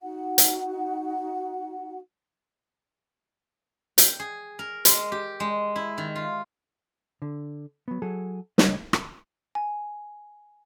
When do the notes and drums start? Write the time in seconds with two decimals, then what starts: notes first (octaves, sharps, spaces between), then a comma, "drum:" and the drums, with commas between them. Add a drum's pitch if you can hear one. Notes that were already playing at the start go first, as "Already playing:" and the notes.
0.02 D#4 F#4 F#5
0.38 drum: hi-hat
3.98 G5, drum: hi-hat
4.20 G#4
4.59 A#4
4.85 G#3, drum: hi-hat
5.12 G4
5.40 G#3
5.76 E4
5.98 D#3
6.16 F4
7.22 D3
7.88 F#3 B3
8.02 F#3 G#4 A4
8.58 C#2 B2 G3 D4 C#5 D#5, drum: snare
8.93 drum: rim click
9.55 G#5